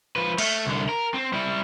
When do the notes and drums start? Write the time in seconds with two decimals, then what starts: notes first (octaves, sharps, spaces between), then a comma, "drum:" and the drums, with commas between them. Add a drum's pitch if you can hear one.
0.16 F3 B4
0.38 A3, drum: cymbal
0.67 C2 D3
0.89 A#4
1.14 C4
1.33 G3 E4